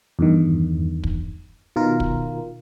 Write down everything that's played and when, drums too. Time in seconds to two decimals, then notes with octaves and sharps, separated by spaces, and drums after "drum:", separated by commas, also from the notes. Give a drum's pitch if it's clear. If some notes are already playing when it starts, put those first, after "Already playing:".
0.19 E2 G2 D#3
1.04 drum: kick
1.76 B2 D#3 F4 A#4
2.00 drum: kick